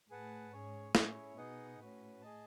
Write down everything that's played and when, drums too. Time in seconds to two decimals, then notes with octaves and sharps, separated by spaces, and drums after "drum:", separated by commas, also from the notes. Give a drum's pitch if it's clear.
0.10 A2 G#4 B4 F#5 A5
0.53 G#2 C#4 G#4 C#5
0.95 A2 C#4 E4 G#4 C#5, drum: snare
1.37 B2 B3 D#4 G#4 D#5 F#5
1.79 A2 C#4 F#4 B4
2.22 G#4 D#5 A5